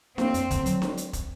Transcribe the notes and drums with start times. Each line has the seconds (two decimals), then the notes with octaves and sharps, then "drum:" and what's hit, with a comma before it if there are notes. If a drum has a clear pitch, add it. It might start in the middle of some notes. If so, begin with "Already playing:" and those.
0.18 A#3 C4, drum: snare D4
0.34 F2, drum: hi-hat
0.51 D3, drum: kick, hi-hat
0.66 F#3, drum: hi-hat
0.82 drum: snare D4
0.97 drum: hi-hat
1.13 drum: kick, hi-hat